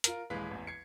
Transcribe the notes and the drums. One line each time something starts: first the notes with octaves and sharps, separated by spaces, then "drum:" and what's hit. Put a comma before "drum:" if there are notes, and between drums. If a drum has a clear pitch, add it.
F4 A#4, drum: hi-hat
D#1 E3 G#3 B4 F5 B6
A1 E2
G#6 C7 C#7